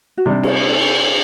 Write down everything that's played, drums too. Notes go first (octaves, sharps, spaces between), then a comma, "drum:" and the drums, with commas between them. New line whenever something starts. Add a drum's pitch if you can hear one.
F#4
C3 G3 D4 D#4
drum: cymbal
A4